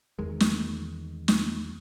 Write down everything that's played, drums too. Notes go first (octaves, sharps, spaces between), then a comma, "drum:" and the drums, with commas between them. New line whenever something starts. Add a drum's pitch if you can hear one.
E2 D#3 G#3
drum: snare
drum: snare